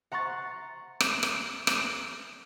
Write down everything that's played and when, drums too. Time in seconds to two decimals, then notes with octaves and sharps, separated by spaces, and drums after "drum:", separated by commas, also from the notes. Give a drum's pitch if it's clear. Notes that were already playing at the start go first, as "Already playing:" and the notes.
0.12 F#5 A#5 C6 C#6 A6
1.00 drum: rim click
1.23 drum: rim click
1.67 drum: rim click